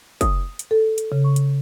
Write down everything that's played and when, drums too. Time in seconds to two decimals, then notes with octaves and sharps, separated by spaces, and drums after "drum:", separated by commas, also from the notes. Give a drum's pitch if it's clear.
0.21 D#6, drum: kick, hi-hat
0.59 drum: hi-hat
0.71 A4
0.98 drum: hi-hat
1.12 C#3
1.24 C#6
1.36 drum: hi-hat